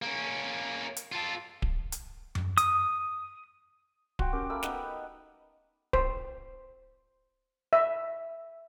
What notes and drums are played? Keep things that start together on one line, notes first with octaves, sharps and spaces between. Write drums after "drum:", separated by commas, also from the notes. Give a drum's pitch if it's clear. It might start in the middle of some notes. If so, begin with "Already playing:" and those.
A#3 C#4
drum: hi-hat
F4 A4
drum: kick D1
drum: hi-hat
drum: tom F#2
D#6, drum: hi-hat
F#4 G5 C6, drum: kick D1
C#4 G4 A#4 D6
A3 A#3 B5 E6
B3 D#4 B4, drum: snare
C5, drum: kick D1
E5